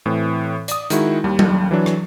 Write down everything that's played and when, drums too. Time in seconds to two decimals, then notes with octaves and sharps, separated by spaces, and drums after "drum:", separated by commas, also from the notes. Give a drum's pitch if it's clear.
0.06 A2 E3 C4
0.68 D5 D#6, drum: hi-hat
0.90 D#3 G#3 E4 F#4, drum: hi-hat
1.24 D#2 G3
1.39 drum: tom F#3
1.71 E3 F#3 D4
1.86 drum: rim click